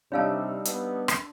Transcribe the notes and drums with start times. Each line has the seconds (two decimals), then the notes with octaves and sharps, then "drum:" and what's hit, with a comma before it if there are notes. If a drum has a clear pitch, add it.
0.12 C3 G3 D4 D#4 C#5 F5 A5 E6
0.65 B3, drum: hi-hat
1.08 drum: rim click